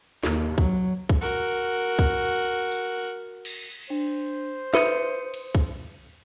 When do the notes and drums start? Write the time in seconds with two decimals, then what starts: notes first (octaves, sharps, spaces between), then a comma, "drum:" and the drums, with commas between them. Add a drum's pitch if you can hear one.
0.23 D#2, drum: snare
0.58 F#3, drum: kick
1.09 drum: kick
1.21 F#4 A#4
1.99 drum: kick
2.71 drum: tambourine
3.45 drum: cymbal
3.90 D4 C5
4.74 B4 E5 D#6 C#7 D#7, drum: snare
5.34 drum: cymbal
5.55 drum: kick